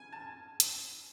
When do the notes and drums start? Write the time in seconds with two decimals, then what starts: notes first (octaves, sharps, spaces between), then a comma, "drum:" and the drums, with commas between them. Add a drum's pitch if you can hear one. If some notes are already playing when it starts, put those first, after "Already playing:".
Already playing: G#5
0.13 A5
0.60 drum: hi-hat